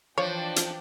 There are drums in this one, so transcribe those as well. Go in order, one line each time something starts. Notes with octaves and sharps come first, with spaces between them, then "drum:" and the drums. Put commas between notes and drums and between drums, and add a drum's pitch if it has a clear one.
E3 F3 D4 C#5 G5
drum: hi-hat